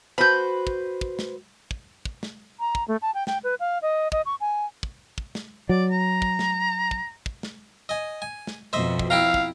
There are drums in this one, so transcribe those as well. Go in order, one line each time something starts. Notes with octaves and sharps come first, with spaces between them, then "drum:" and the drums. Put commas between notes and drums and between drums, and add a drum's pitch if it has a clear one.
F#4 B4 C5 B5 G6
drum: kick
drum: kick
drum: snare
drum: kick
drum: kick
drum: snare
A#5
drum: kick
A3
A5
G5
G5, drum: snare
B4
F5
D#5
D#5, drum: kick
C#6
G#5
drum: kick
drum: kick
drum: snare
F#3 D5
A#5
drum: kick
drum: snare
drum: kick
drum: kick
drum: snare
D#5 G#5
G#5
drum: snare
F2 B2 C5 D#5 E5
drum: kick
E4 F5 G5 A#5
drum: kick